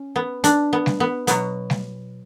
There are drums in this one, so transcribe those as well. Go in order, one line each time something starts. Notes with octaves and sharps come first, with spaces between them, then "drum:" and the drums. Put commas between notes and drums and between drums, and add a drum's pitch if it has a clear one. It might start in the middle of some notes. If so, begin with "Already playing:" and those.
Already playing: C#4
B3
D4, drum: hi-hat
B3
drum: snare G3
B3
B2 F#3 B3, drum: hi-hat
drum: snare G3